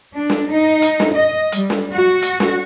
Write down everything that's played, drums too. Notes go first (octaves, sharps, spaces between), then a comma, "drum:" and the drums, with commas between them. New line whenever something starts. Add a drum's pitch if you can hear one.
D4
drum: snare
D#4
drum: hi-hat
drum: snare
D#5
G3, drum: hi-hat
drum: snare
F#4
drum: hi-hat
drum: snare